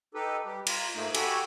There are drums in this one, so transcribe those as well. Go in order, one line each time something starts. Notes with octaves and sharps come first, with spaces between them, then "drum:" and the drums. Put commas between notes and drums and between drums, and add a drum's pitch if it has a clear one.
D#4 G4 A4 B4
G3 G4
F4 A#5, drum: cymbal
G#2 A3 A#3 D#4
F#4 G4 A4 G#5 B5, drum: cymbal